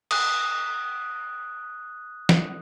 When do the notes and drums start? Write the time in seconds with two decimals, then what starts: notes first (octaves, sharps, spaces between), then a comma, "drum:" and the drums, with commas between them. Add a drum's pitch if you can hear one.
0.11 D#6 F#6, drum: cymbal
2.29 drum: snare